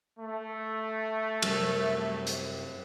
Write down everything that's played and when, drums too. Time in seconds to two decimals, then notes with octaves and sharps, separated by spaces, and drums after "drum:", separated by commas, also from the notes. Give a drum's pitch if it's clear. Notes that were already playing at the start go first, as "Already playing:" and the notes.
0.19 A3
1.42 F#2 C3 G3, drum: cymbal
2.27 drum: hi-hat